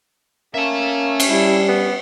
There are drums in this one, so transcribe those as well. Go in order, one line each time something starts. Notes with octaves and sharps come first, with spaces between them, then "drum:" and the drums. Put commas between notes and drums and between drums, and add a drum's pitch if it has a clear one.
A#3 C#4 E5 A5
drum: cymbal
G3 E4
B3